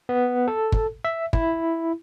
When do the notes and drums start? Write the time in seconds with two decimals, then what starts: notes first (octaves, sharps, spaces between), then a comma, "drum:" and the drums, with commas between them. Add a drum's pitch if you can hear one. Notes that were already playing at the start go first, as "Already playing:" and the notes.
0.09 B3
0.48 A4
0.72 drum: kick
1.05 E5
1.33 E4, drum: kick